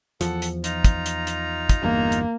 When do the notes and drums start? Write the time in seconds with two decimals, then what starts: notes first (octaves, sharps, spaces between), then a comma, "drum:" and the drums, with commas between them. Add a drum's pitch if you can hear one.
0.21 E2 F3 A4 F#5, drum: hi-hat
0.42 drum: hi-hat
0.64 D#4 F4 A#5, drum: hi-hat
0.84 drum: kick, hi-hat
1.06 drum: hi-hat
1.27 drum: hi-hat
1.69 drum: kick, hi-hat
1.83 G1 E2 G2 A#3
2.12 drum: hi-hat